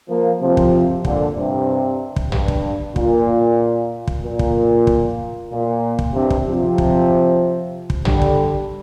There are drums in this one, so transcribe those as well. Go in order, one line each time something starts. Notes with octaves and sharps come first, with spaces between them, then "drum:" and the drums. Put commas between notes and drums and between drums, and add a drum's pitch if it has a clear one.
F3 A#3
C3 F3
drum: kick
A#2 D3, drum: kick
G2 C3
drum: kick
G2, drum: tom
drum: kick
A#2, drum: kick
drum: kick
A#2
drum: kick
drum: kick
A#2
drum: kick
G2 C3
drum: kick
C3 F3
drum: kick
drum: kick
D3 G3, drum: tom
drum: kick